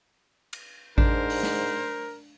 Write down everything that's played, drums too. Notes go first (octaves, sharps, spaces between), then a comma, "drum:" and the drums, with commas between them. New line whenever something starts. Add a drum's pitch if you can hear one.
drum: cymbal
G#2 D4 A#4 C5, drum: kick G#1
drum: open hi-hat
drum: snare